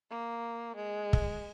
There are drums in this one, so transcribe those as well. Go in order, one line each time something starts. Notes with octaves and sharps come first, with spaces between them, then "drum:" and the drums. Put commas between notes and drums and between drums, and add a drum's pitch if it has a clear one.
A#3
G#3
drum: kick